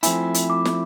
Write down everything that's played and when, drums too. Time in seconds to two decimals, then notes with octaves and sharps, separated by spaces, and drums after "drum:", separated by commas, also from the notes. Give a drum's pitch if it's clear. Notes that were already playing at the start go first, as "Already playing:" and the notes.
0.03 F3 A3 C4 E4 G#5, drum: hi-hat
0.34 drum: hi-hat
0.50 D6
0.65 drum: snare